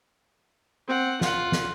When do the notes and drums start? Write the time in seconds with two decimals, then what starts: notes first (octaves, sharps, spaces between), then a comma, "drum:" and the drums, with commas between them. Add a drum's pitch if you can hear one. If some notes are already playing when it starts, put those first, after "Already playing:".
0.88 C4 F#5
1.21 F4 F#5, drum: snare
1.52 drum: snare